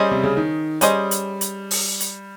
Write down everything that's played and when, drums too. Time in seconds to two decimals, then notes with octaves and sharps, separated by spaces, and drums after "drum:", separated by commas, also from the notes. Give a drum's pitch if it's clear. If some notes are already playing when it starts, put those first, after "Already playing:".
Already playing: G3 C#4 G#4 C5 D#5
0.11 C3
0.24 C#3
0.37 D#3
0.81 G3 C#4 G#4 C5 D#5, drum: hi-hat
1.11 drum: hi-hat
1.41 drum: hi-hat
1.71 drum: open hi-hat
2.00 drum: hi-hat